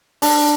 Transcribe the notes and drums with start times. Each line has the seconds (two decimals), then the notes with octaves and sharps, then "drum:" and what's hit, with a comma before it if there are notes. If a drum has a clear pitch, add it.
0.22 D4, drum: open hi-hat